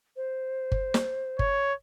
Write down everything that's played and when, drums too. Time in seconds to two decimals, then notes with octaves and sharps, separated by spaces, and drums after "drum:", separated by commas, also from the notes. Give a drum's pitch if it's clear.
0.16 C5
0.72 drum: kick G1
0.94 drum: snare
1.39 C#5, drum: kick G1